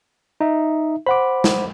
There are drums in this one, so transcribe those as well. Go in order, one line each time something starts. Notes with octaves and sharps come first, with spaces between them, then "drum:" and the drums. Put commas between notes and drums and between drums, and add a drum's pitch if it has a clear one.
D#4 E5
C5 F#5 B5 D6
drum: snare